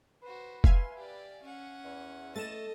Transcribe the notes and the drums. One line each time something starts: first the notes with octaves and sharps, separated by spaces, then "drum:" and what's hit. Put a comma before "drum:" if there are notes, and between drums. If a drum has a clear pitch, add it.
F#4 B4 C5
E5 F5 G#5 C6, drum: kick F1
G4 D5
C#4 F#5
E2
A3 D#5 A6 E7